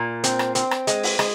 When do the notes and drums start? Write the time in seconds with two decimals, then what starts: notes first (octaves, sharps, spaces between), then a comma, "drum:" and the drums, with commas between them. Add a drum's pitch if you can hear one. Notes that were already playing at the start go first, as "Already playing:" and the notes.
Already playing: A#2
0.24 C4, drum: hi-hat
0.39 drum: rim click
0.55 C4, drum: hi-hat
0.71 drum: rim click
0.87 G#3, drum: hi-hat
1.03 drum: open hi-hat
1.19 G#3, drum: rim click